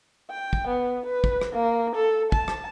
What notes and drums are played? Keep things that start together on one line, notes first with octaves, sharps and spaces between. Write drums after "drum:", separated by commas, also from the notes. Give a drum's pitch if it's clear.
G5
drum: kick
B3
B4
drum: kick
drum: rim click
A#3
A4
A5, drum: kick
drum: rim click